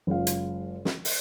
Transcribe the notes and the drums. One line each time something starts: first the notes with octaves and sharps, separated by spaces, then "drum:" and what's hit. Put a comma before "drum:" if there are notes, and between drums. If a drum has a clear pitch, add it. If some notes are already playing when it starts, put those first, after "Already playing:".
F#1 G#3 F4 F5
drum: hi-hat
drum: snare
drum: open hi-hat